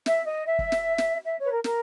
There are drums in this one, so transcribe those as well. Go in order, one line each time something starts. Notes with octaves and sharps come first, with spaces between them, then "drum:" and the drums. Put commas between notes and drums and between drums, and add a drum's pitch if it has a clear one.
E5, drum: snare
D#5
E5
drum: kick
drum: snare
drum: snare
E5
C#5
B4
A#4
A#4, drum: snare